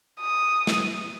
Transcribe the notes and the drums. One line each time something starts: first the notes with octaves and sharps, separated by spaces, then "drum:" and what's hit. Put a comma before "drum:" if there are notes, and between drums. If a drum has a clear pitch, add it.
D#6
drum: snare